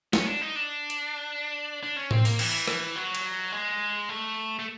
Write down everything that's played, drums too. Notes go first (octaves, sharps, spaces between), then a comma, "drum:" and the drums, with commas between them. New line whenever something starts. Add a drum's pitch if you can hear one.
C#4, drum: snare
D4
D#4
D4
drum: hi-hat
D4
C#4
C4, drum: tom A2
A#3, drum: open hi-hat
E3, drum: cymbal
drum: rim click
F#3
drum: cymbal
G#3
A3
A3